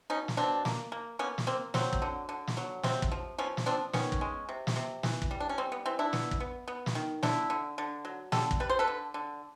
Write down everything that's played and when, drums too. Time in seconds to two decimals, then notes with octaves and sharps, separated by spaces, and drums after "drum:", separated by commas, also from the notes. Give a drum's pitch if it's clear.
0.10 B2 C#4 D#4
0.28 drum: snare
0.37 B2 C4 D4
0.65 A#3, drum: snare
0.92 A#3
1.19 A#3 B3 C#4
1.38 drum: snare
1.47 A#3 C4
1.74 F#3 C4, drum: snare
1.93 drum: kick
2.02 D3
2.29 D3
2.47 drum: snare
2.57 F#3
2.83 C3 C4, drum: snare
3.02 drum: kick
3.12 F3
3.38 F3 B3 C#4
3.57 drum: snare
3.66 F3 C4 D4
3.93 D#3 B3 C#4, drum: snare
4.12 drum: kick
4.21 G#3
4.49 C3
4.67 drum: snare
4.76 C3
5.03 E3, drum: snare
5.22 drum: kick
5.31 G3
5.40 D4
5.49 C#4
5.58 G3 C4
5.72 B3
5.85 E3 C4
5.99 D4 E4
6.13 B3, drum: snare
6.31 drum: kick
6.40 B3
6.68 B3
6.86 drum: snare
6.95 D#3
7.23 D3 D4 E4, drum: snare
7.50 D3
7.78 D3
8.05 F#3
8.32 D3 G4 A4, drum: snare
8.51 drum: kick
8.60 G3 B4
8.70 C5
8.79 A4 B4
8.87 D3
9.14 D3